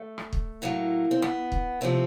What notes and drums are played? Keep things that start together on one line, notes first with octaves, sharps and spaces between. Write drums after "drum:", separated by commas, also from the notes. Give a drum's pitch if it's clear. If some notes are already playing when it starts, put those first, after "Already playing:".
Already playing: A3
drum: rim click
drum: kick
A2 F#3 A3 A#3
C4
B3, drum: rim click
drum: kick
C3 F3 A3 C4